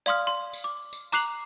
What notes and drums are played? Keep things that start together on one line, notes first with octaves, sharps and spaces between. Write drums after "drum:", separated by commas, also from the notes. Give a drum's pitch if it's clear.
D5 F5 C6 D#6 F6
C6
drum: tambourine
D6
drum: tambourine
A#5 D6 F#6 C7 F7 F#7, drum: tambourine